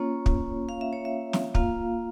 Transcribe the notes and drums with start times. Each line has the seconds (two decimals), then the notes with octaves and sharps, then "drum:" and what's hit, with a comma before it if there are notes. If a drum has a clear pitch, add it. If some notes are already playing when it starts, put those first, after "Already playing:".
Already playing: A#3 C#4 F4 C#5
0.26 drum: kick
0.69 F5
0.81 E5
0.93 C#5
1.05 E5
1.33 drum: snare
1.55 A#3 F4 F5, drum: kick